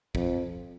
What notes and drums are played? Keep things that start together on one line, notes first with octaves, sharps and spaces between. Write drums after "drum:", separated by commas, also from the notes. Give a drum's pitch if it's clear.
F2, drum: kick